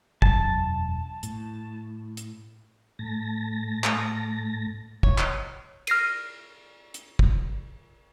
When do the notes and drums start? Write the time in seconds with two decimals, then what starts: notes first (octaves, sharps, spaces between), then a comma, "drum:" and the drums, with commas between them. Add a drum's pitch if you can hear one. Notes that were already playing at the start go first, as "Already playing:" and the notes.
0.22 E1 F#2 A5, drum: kick
1.23 A2, drum: hi-hat
2.17 drum: hi-hat
2.99 A2 A5 A#6
3.84 drum: clap
5.03 C#5, drum: kick
5.18 drum: clap
5.87 F6 A#6 C7 D#7, drum: cymbal
6.94 drum: hi-hat
7.19 drum: kick